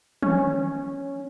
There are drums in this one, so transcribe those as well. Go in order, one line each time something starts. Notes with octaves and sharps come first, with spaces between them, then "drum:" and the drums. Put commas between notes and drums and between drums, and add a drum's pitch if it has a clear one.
C#4, drum: tom